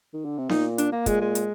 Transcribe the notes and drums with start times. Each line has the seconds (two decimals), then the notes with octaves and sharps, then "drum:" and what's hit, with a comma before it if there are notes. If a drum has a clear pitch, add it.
0.13 D#3
0.25 D3
0.38 C3
0.49 A#2 D#4, drum: snare B3
0.78 D4, drum: hi-hat
0.92 A#3
1.06 A#2 G#3, drum: kick, hi-hat
1.21 G#3
1.35 drum: hi-hat